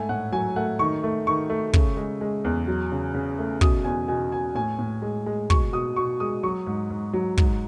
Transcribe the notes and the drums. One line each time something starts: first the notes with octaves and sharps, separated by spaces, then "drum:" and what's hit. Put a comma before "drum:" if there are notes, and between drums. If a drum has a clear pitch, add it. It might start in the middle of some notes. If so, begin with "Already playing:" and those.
Already playing: G#2 A3 G#5
A2 F#5
F#3 G#5
A3 F#5
D#3 C#6
A3
D#3 C#6
A3
C#3, drum: kick
G#3
G#3
E2
F#3
C#3
C#3
A3
B2 D#6, drum: kick
E2 G#5
B2 G#5
B2 G#5
A2 G#5
A2
G#3
G#3
B2 C#6, drum: kick
B2 D#6
B2 C#6
G#3 D#6
F#3 C#6
G#2
G#2
F#3
G#2, drum: kick